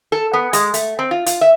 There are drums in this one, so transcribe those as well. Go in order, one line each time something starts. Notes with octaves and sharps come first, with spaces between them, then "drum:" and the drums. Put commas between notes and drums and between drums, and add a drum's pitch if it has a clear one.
A4
B3
G#3, drum: hi-hat
A3, drum: hi-hat
C4
F4
F4, drum: hi-hat
E5